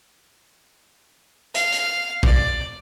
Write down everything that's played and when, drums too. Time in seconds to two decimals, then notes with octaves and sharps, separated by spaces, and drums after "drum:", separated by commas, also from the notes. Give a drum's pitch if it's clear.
1.54 F5, drum: hi-hat
1.72 drum: hi-hat
2.23 D5, drum: kick